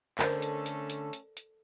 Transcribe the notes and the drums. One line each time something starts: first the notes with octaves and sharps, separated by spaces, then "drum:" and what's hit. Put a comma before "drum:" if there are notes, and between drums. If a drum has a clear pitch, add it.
D3 A3 C#4 A4 A#4 C5, drum: clap
drum: hi-hat
drum: hi-hat
drum: hi-hat
drum: hi-hat
drum: hi-hat